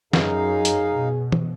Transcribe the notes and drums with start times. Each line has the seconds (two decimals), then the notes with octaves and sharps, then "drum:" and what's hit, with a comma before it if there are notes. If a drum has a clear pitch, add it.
0.13 F#2 D#4 G#4 F5, drum: snare
0.65 drum: hi-hat
0.91 B2
1.32 drum: tom E3